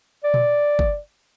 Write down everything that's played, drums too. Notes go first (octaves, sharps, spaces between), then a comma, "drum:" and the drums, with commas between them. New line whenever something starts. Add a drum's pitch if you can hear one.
D5
drum: tom A#2
drum: kick